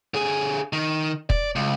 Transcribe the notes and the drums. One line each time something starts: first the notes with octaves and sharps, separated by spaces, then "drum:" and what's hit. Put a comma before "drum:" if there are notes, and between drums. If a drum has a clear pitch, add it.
D3 G#4
D#3
D5, drum: kick
C#2